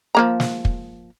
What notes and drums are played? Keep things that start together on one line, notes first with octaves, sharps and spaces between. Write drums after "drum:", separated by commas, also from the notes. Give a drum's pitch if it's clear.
F3 A#3 A#5
drum: snare
drum: kick